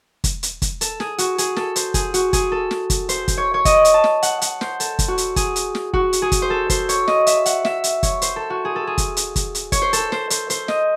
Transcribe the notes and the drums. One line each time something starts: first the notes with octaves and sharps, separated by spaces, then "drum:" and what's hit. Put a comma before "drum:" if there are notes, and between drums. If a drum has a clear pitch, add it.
drum: kick, hi-hat
drum: hi-hat
drum: kick, hi-hat
A4, drum: hi-hat
G#4, drum: snare
F#4, drum: hi-hat
G#4, drum: hi-hat
A4, drum: snare
C5, drum: hi-hat
G#4, drum: kick, hi-hat
F#4, drum: hi-hat
G#4, drum: kick, hi-hat
A4
drum: snare
drum: kick, hi-hat
C5, drum: hi-hat
drum: kick, hi-hat
C#5
C#5
D#5, drum: kick, hi-hat
drum: hi-hat
A5
drum: snare
F#5, drum: hi-hat
F#5, drum: hi-hat
C5, drum: snare
A4, drum: hi-hat
drum: kick, hi-hat
F#4
drum: hi-hat
G#4, drum: kick, hi-hat
drum: hi-hat
drum: snare
F#4, drum: kick
drum: hi-hat
G#4
drum: kick, hi-hat
C5
A4
C5, drum: kick, hi-hat
C#5, drum: hi-hat
D#5, drum: snare
E5, drum: hi-hat
F#5, drum: hi-hat
E5, drum: snare
drum: hi-hat
C#5, drum: kick, hi-hat
C5, drum: hi-hat
A4
F#4
G#4
A4
G#4
drum: kick, hi-hat
drum: hi-hat
drum: kick, hi-hat
drum: hi-hat
C#5, drum: kick, hi-hat
C5
A4, drum: hi-hat
C5, drum: snare
C5, drum: hi-hat
C5, drum: hi-hat
D#5, drum: snare